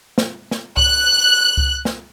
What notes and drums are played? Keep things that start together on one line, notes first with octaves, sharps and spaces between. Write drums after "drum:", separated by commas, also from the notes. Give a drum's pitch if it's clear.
drum: snare
drum: snare
F#6, drum: kick C#2
drum: kick C#2
drum: snare